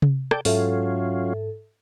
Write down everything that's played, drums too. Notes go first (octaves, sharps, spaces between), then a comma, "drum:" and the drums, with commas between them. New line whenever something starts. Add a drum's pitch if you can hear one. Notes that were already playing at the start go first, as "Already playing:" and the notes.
drum: tom C3
A4 D5 G5, drum: rim click
G#2 F#3 C#4 F4 A4 E5, drum: open hi-hat